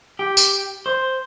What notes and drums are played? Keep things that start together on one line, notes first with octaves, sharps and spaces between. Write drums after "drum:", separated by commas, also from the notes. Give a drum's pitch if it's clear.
G4
drum: tambourine
C5